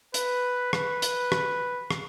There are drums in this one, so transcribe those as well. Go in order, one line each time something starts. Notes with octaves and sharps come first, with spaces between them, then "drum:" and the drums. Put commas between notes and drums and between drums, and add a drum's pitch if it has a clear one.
B4, drum: hi-hat
B4, drum: rim click
drum: hi-hat
drum: rim click
drum: rim click